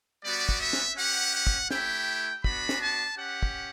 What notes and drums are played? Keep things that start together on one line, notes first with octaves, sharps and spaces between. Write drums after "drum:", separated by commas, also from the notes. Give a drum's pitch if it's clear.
G3 B3 F#4 D5
drum: kick
E5
drum: snare
C#4 G4 F#5
F#5
drum: kick
A3 E4 G4 G5, drum: snare
B3 D4 F#4 B5, drum: kick
drum: snare
A5
C#4 G4 F#5
drum: kick